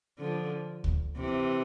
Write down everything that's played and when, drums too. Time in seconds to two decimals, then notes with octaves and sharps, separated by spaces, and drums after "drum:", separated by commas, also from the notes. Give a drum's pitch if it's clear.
0.19 D3 F3
0.84 drum: kick
1.17 C3 E3